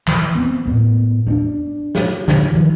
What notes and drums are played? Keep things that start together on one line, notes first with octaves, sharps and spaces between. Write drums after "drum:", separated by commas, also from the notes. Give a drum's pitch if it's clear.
E3, drum: clap
B3 C4
A2 B3
G2 D4
drum: snare
D3, drum: snare
D#3 F3